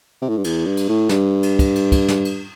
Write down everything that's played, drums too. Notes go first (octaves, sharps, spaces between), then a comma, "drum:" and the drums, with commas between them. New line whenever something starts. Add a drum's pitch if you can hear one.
C3
A2
G2
E2, drum: cymbal
G2
drum: cymbal
A2
G2, drum: snare
drum: cymbal
drum: kick, cymbal
drum: cymbal
drum: kick, cymbal
drum: snare
drum: cymbal